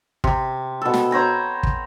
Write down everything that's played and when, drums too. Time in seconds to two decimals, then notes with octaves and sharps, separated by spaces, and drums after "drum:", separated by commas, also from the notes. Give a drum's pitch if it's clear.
0.24 C3, drum: kick
0.81 B2 A4
0.94 drum: snare
1.11 C5 C#5 A#5 B5
1.63 drum: kick